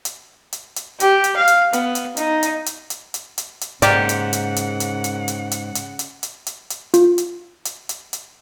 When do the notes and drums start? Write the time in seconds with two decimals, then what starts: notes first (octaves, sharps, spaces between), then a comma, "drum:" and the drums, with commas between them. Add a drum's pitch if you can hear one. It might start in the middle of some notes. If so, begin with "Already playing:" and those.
0.05 drum: hi-hat
0.53 drum: hi-hat
0.76 drum: hi-hat
1.00 G4, drum: hi-hat
1.24 drum: hi-hat
1.37 F5
1.48 drum: hi-hat
1.73 B3, drum: hi-hat
1.95 drum: hi-hat
2.17 D#4, drum: hi-hat
2.43 drum: hi-hat
2.66 drum: hi-hat
2.90 drum: hi-hat
3.14 drum: hi-hat
3.38 drum: hi-hat
3.61 drum: hi-hat
3.82 G#2 C#3 A#3 G4 D5 F#5, drum: hi-hat
4.09 drum: hi-hat
4.33 drum: hi-hat
4.56 drum: hi-hat
4.80 drum: hi-hat
5.04 drum: hi-hat
5.28 drum: hi-hat
5.51 drum: hi-hat
5.75 drum: hi-hat
5.99 drum: hi-hat
6.23 drum: hi-hat
6.47 drum: hi-hat
6.70 drum: hi-hat
6.94 F4, drum: hi-hat
7.18 drum: hi-hat
7.65 drum: hi-hat
7.89 drum: hi-hat
8.13 drum: hi-hat